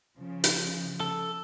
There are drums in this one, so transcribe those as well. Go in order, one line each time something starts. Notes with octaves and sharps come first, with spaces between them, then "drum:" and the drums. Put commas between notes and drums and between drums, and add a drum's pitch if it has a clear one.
C#3 F3
drum: hi-hat
A4